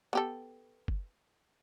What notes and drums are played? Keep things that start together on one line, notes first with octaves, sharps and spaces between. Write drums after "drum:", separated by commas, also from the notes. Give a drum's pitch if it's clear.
B3 G4 A4
drum: kick F#1